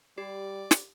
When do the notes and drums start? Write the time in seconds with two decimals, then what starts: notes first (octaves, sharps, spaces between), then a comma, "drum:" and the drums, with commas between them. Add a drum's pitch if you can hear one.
0.18 G3 G4 D5
0.71 drum: snare